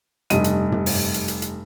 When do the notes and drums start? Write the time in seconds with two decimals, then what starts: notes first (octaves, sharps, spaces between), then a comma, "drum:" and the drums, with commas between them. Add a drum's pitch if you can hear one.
0.30 F1 G2 G3 D#5 D#7, drum: hi-hat
0.44 drum: hi-hat
0.72 drum: tom
0.86 drum: open hi-hat
1.14 drum: hi-hat
1.28 drum: hi-hat
1.42 drum: hi-hat